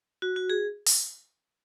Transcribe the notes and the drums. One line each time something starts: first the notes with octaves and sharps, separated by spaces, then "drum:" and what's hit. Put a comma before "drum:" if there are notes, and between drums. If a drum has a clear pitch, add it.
F#4
F#4
G#4
drum: open hi-hat